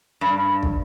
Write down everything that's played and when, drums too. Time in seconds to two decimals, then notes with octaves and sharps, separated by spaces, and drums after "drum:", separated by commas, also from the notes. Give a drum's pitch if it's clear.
0.21 G2
0.63 drum: kick